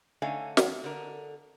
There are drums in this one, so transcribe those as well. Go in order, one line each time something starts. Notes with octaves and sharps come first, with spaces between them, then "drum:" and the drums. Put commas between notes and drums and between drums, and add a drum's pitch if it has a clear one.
D3 A3 C#4 D#4 F5 G#5
E2, drum: snare
D3 A#4